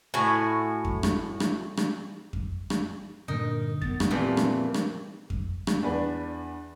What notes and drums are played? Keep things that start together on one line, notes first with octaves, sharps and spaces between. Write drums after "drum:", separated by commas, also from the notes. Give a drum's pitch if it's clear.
A2 F#4 G#5
drum: kick F2
drum: rim click
drum: rim click
drum: rim click
drum: kick F2
drum: rim click
G2 A#2 D3 D#4 A#4
B3 A6, drum: kick F2
drum: rim click
F2 A#2 E3 G4
drum: rim click
drum: rim click
drum: kick F2
drum: rim click
E2 D4 B4 B5